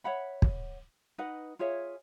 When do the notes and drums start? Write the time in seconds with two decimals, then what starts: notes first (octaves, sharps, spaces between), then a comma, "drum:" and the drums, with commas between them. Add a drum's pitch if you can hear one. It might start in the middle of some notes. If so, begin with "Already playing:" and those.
0.04 C#5 E5 F#5 B5
0.42 drum: kick
1.18 D#4 B4 D#5 F#5
1.59 F4 G#4 C#5 E5